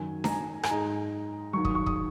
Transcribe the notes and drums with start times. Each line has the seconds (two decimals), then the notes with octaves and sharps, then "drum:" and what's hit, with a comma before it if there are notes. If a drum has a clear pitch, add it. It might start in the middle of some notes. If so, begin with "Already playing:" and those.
Already playing: F#2 D#3 F#3 G#5
0.24 A#5, drum: snare D4
0.29 G#5
0.63 G#5, drum: rim click
0.70 G#2 G#3 D#4 A#5
1.53 D#2 D#3 F#3 C#6
1.65 D#6, drum: kick
1.75 C#6
1.86 D#6, drum: kick